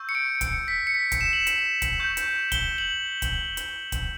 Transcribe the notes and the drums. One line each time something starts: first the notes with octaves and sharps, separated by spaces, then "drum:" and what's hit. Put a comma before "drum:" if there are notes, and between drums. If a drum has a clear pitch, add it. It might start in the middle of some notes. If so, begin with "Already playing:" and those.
Already playing: C#6 E6 G6
C#7
D7
D7
C#7, drum: kick, hi-hat
B6
C#7
B6
drum: kick, hi-hat
E7
F#7
drum: hi-hat
drum: kick, hi-hat
C#6 G6
drum: hi-hat
G7, drum: kick, hi-hat
F#7
drum: kick, hi-hat
drum: hi-hat
drum: kick, hi-hat